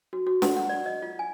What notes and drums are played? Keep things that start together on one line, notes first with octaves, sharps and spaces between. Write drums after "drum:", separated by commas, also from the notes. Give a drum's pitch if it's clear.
F#4
F#4
F#5, drum: snare
F#5
D5
D#5
F4
G#5